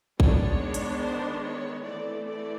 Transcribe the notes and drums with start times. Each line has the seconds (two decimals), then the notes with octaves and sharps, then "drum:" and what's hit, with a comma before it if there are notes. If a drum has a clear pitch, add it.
0.20 D#3 G#3 B3 D4 C#5, drum: kick A1
0.74 drum: hi-hat
1.03 C5
1.45 C#5
1.85 E3 A3 C4 D5
2.27 D5